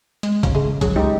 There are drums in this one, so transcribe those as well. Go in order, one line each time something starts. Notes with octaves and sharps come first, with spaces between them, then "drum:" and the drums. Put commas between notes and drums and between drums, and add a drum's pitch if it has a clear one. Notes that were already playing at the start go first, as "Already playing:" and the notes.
G#3, drum: hi-hat
C#3 F3, drum: kick, hi-hat
G#3
F#3 G#4, drum: kick, hi-hat
C#2 G#3 D#4 G4